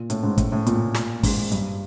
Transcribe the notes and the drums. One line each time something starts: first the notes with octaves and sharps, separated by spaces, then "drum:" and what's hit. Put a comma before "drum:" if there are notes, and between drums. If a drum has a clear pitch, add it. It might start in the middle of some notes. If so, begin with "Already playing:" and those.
Already playing: A#2
A2, drum: hi-hat
G#2
A2, drum: kick, hi-hat
A2
A#2, drum: hi-hat
drum: snare
G#2, drum: kick, open hi-hat
G2, drum: hi-hat